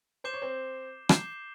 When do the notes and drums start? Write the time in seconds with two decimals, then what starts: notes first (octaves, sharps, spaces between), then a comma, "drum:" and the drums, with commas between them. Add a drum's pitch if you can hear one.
0.24 C5 D6 G6 C7 E7 G7
0.34 C#5
0.42 C4 C5
1.09 D6 G6 C7 E7 G7, drum: rim click